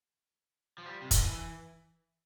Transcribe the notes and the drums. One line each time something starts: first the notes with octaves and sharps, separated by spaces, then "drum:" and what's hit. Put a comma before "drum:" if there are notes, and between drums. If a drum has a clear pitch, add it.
F3
G3
C3
D3, drum: kick, hi-hat
E3